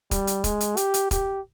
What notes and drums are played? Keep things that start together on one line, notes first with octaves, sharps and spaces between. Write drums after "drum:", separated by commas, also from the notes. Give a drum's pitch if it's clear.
G3, drum: kick, hi-hat
drum: hi-hat
G#3, drum: kick, hi-hat
drum: hi-hat
G4, drum: hi-hat
drum: hi-hat
G4, drum: kick, hi-hat